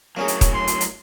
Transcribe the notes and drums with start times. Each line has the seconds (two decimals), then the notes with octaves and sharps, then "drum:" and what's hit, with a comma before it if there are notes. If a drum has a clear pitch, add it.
0.17 A2 F#3 A#3 C#4 G#4
0.28 drum: hi-hat
0.41 drum: kick D#1, hi-hat
0.54 C6
0.67 drum: hi-hat
0.81 drum: hi-hat